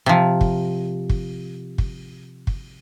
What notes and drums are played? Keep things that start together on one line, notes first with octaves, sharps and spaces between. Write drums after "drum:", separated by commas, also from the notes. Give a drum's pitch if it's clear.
C3 F3
drum: kick
drum: kick
drum: kick
drum: kick